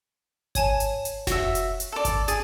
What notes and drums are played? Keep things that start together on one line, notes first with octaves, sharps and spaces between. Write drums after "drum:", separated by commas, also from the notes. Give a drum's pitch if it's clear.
C#5 G#5 A5, drum: kick G#1, hi-hat
drum: hi-hat
drum: hi-hat
F#4 E5, drum: snare F1
drum: hi-hat
drum: hi-hat
A4 D5
drum: kick G#1, hi-hat
G#4 A6, drum: hi-hat